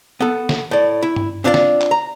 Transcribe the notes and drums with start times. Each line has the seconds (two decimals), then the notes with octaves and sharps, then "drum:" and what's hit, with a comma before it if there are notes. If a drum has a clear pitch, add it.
0.20 B3 A4
0.49 drum: snare
0.71 A2 D5
1.02 E4
1.16 drum: tom G2
1.44 C4 D4 F4 B4 D5 F5
1.54 drum: snare
1.81 drum: clap
1.91 A#5